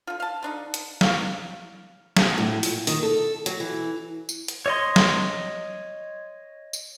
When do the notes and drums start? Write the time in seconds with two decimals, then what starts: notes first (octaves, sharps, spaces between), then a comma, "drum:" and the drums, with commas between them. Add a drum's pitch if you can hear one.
0.07 D3 F4
0.20 F5 A5
0.43 D3 D4 D#4
0.74 drum: hi-hat
1.01 G3 E4 F5 C#6, drum: snare
2.17 B2, drum: snare
2.38 A2
2.63 A#2, drum: open hi-hat
2.87 D#3, drum: open hi-hat
3.03 A4
3.46 F#3, drum: hi-hat
3.60 E3
4.29 drum: tambourine
4.48 drum: hi-hat
4.66 C#5 D#5 C6
4.96 drum: snare
6.73 drum: tambourine